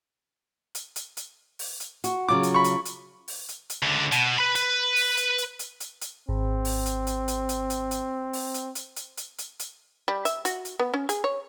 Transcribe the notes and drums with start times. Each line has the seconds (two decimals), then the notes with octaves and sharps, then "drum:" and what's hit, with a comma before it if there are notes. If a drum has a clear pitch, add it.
0.75 drum: hi-hat
0.96 drum: hi-hat
1.17 drum: hi-hat
1.59 drum: open hi-hat
1.80 drum: hi-hat
2.04 F#4, drum: hi-hat
2.29 C#3 F#3 F4 D6
2.43 drum: hi-hat
2.54 B5 C#6
2.64 drum: hi-hat
2.85 drum: hi-hat
3.28 drum: open hi-hat
3.49 drum: hi-hat
3.70 drum: hi-hat
3.82 C#2 D3
4.12 B2, drum: hi-hat
4.39 B4 B5
4.55 B4, drum: hi-hat
4.96 drum: open hi-hat
5.17 drum: hi-hat
5.38 drum: hi-hat
5.59 drum: hi-hat
5.80 drum: hi-hat
6.02 drum: hi-hat
6.29 G#1 C4
6.65 drum: open hi-hat
6.86 drum: hi-hat
7.07 drum: hi-hat
7.28 drum: hi-hat
7.49 drum: hi-hat
7.70 drum: hi-hat
7.91 drum: hi-hat
8.33 drum: open hi-hat
8.54 drum: hi-hat
8.75 drum: hi-hat
8.96 drum: hi-hat
9.18 drum: hi-hat
9.39 drum: hi-hat
9.60 drum: hi-hat
10.08 G3
10.25 E5, drum: hi-hat
10.45 F#4, drum: hi-hat
10.65 drum: hi-hat
10.79 B3
10.94 C#4
11.09 G#4, drum: hi-hat
11.24 C#5